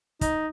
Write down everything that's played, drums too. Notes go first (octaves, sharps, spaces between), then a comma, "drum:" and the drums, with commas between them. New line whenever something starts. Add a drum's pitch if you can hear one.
D#4, drum: kick, hi-hat